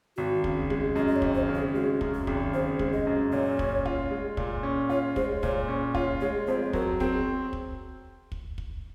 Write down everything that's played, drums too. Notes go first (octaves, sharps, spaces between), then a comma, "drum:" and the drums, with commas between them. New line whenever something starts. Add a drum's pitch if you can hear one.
G#1 F#4
C#3, drum: kick
G#3, drum: kick
F#2 D#5
D#5
C#5
G#1, drum: kick
C5
C#3
G#4
G#3 F#4
F#2, drum: kick
G#4
G#1, drum: kick
C#3 C5
G#3, drum: kick
D#5
F#2
A#2 C#5
C#4, drum: kick
F4, drum: kick
G#3
A#2, drum: kick
C#4
F4 C#5
G#3 C5, drum: kick
A#2 C#5, drum: kick
C#4
F4 C#5, drum: kick
G#3 C#5
F2 C5
F#3 A#4, drum: kick
C4 G#4, drum: kick
drum: kick
drum: kick
drum: kick